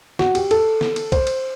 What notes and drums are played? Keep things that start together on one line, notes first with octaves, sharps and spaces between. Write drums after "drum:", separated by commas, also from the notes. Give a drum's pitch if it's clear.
F#4, drum: snare
G4, drum: cymbal
A4, drum: cymbal
drum: snare
drum: cymbal
C5, drum: kick C2, cymbal
drum: cymbal